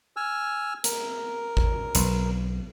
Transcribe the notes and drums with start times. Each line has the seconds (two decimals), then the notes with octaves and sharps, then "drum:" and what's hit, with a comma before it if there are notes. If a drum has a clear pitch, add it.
0.16 G#5 E6 F6
0.84 A#4, drum: hi-hat
1.57 drum: kick G#1
1.95 B1, drum: hi-hat